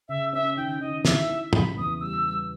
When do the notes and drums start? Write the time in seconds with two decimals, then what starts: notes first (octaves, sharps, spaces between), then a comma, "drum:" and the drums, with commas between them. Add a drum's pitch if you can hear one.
0.09 C#3 E5
0.33 C#4 E5
0.57 D#3 G5
0.80 D#3 D#5
1.05 E4 E5, drum: snare
1.29 E4
1.53 C#3 B5, drum: tom
1.77 E2 D#6
2.01 G3 E6
2.25 G3